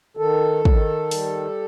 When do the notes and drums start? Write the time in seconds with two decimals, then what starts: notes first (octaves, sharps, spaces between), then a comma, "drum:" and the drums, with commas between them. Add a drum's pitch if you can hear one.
0.17 D#3 A4
0.65 D#3, drum: kick
1.11 G3, drum: open hi-hat